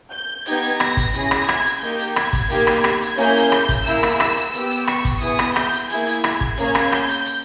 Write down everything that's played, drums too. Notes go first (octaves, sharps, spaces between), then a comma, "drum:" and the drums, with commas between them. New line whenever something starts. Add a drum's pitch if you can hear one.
G6
B3 D#4 G4 G#6, drum: hi-hat
drum: hi-hat
A#6, drum: rim click
drum: kick, hi-hat
C#4 E4 G#4 A#6, drum: hi-hat
drum: rim click
G#6, drum: rim click
drum: hi-hat
A#3 D#4 G4 G6
drum: hi-hat
G#6, drum: rim click
drum: kick, hi-hat
A#3 D#4 G4 G#6, drum: hi-hat
drum: rim click
drum: rim click
drum: hi-hat
A#3 C#4 E4 G#4 G6, drum: hi-hat
drum: hi-hat
drum: rim click
drum: kick, hi-hat
A#3 E4 G#4 E6, drum: hi-hat
drum: rim click
drum: rim click
drum: hi-hat
B3 G4 E6, drum: hi-hat
drum: hi-hat
C#6, drum: rim click
drum: kick, hi-hat
B3 E4 G#4 D#6, drum: hi-hat
drum: rim click
G6, drum: rim click
drum: hi-hat
A#3 E4 G#4 G#6, drum: hi-hat
drum: hi-hat
drum: rim click
drum: kick
A#3 C#4 G#4 G#6, drum: hi-hat
drum: rim click
G6, drum: rim click
drum: hi-hat
drum: hi-hat